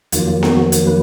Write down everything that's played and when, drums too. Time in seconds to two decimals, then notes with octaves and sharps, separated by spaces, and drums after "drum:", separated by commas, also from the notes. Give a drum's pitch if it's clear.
0.12 F2 D#3 F#3 A#3 F4, drum: hi-hat
0.27 F4
0.43 F#4, drum: snare B3
0.72 drum: hi-hat
0.87 B4